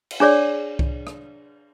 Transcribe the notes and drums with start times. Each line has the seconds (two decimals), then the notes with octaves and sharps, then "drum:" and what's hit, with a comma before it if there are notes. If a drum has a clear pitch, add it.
0.11 drum: cymbal
0.20 D4 G#4 C#5 D5
0.79 drum: kick C2
1.07 drum: rim click